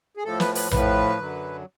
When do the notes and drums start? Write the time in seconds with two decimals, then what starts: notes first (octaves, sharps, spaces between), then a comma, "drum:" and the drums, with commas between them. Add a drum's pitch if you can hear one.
0.17 G#4
0.24 A2 F3 A4
0.40 B4, drum: snare
0.55 B4, drum: open hi-hat
0.71 A2 F3 B4, drum: tom A#1
1.19 F#2 D3 F#3